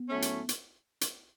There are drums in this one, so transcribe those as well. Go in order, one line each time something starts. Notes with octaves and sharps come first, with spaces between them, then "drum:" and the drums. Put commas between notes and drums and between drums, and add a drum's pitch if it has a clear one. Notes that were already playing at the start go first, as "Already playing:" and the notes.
Already playing: B3
A2 F#3 A3 C#4
drum: hi-hat
drum: hi-hat
drum: hi-hat